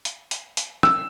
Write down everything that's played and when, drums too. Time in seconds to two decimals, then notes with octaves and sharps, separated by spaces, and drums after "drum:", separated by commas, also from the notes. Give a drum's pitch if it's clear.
0.05 drum: hi-hat
0.31 drum: hi-hat
0.57 drum: hi-hat
0.83 E6, drum: rim click